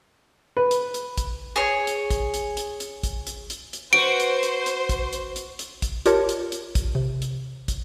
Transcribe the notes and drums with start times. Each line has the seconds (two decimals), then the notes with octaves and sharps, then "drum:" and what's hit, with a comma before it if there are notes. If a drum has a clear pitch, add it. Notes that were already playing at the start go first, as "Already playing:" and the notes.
0.57 B4
0.71 drum: hi-hat
0.94 drum: hi-hat
1.18 drum: kick, hi-hat
1.56 G#4 C#5
1.87 drum: hi-hat
2.10 drum: kick, hi-hat
2.34 drum: hi-hat
2.57 drum: hi-hat
2.80 drum: hi-hat
3.03 drum: kick, hi-hat
3.27 drum: hi-hat
3.50 drum: hi-hat
3.73 drum: hi-hat
3.93 F#4 B4 C5 D7
4.20 drum: hi-hat
4.43 drum: hi-hat
4.66 drum: hi-hat
4.89 drum: kick, hi-hat
5.13 drum: hi-hat
5.36 drum: hi-hat
5.59 drum: hi-hat
5.82 drum: kick, hi-hat
6.06 F4 G4 A#4 C#5 A5, drum: hi-hat
6.29 drum: hi-hat
6.52 drum: hi-hat
6.75 drum: kick, hi-hat
6.95 C3
7.22 drum: hi-hat
7.68 drum: kick, hi-hat